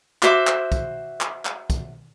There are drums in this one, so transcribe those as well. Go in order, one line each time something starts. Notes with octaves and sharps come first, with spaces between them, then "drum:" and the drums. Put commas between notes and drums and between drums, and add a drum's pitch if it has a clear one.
F#4 C5 E5 D6, drum: clap
drum: clap
drum: kick, tambourine
drum: clap
drum: clap
drum: kick, tambourine